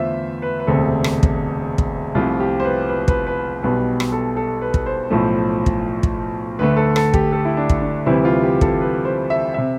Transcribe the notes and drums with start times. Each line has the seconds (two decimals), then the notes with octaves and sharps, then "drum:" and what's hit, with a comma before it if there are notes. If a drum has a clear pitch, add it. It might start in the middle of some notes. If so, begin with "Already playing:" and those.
Already playing: E2 D3 A3 F4 C5 E5
0.42 B4
0.60 B4
0.67 E1 D2 C3 A4
1.04 drum: rim click
1.23 drum: kick
1.78 drum: kick
2.15 C2 C3 F3 A3 F4
2.40 G4
2.60 C5
2.65 B4
2.89 B4
3.08 B4, drum: kick
3.27 B4
3.63 B1 B2 G3 B4
4.00 drum: rim click
4.12 A4
4.37 A4
4.61 B4
4.74 drum: kick
4.86 C5
5.10 B1 A2 F3 A3
5.66 drum: kick
6.03 drum: kick
6.59 D2 D3 A3 B4
6.76 A4
6.96 A4, drum: rim click
7.14 G4, drum: kick
7.32 A4
7.45 E4
7.57 D4
7.69 drum: kick
7.82 D4
8.06 D2 C3 E3 G3 E4
8.25 F4
8.43 G4
8.61 A4, drum: kick
8.81 B4
9.05 C5
9.30 E5
9.54 C3 E5